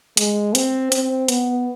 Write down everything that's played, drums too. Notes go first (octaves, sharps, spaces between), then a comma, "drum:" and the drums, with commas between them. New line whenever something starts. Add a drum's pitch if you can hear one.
G#3, drum: hi-hat
C4, drum: hi-hat
C4, drum: hi-hat
B3, drum: hi-hat